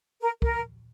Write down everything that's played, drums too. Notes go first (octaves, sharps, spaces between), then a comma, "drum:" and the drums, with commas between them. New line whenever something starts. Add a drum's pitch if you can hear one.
A#4
A#4, drum: kick